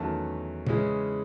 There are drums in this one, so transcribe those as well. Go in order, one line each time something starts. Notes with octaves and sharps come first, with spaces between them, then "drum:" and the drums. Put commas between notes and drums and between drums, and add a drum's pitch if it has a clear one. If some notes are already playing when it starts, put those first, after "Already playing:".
Already playing: E2 D#3 F#3 A3 C#4 A5
C#3 E3 G#3 C#4 E4, drum: tom A#2